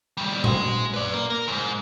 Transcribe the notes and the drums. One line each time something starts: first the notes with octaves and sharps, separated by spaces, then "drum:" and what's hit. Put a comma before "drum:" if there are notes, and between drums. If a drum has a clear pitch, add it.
D#3 G3
G#3, drum: tom A#2
B4 D5
A#3
A#4
E2 G#2